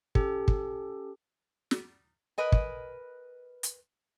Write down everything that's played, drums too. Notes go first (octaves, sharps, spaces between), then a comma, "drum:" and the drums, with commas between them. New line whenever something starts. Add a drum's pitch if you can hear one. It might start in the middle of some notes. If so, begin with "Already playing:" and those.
C#4 G4 A4, drum: kick
drum: kick
drum: snare
A#4 B4 D#5 G#5
drum: kick
drum: hi-hat